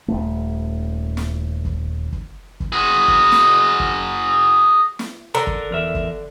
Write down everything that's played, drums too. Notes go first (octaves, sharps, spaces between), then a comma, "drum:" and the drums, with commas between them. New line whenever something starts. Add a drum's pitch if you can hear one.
D#1 A3
drum: snare
drum: kick
drum: kick
drum: kick
F#4 G#4
drum: kick
drum: snare
drum: kick
drum: snare
D3 A4 A#4 A#5
drum: kick
E2 A#4 E5
drum: kick